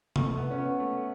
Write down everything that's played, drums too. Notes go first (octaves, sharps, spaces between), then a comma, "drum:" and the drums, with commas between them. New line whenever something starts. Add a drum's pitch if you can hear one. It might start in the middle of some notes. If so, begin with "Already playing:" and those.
A3, drum: tom C3
B3
C#4
B3
A3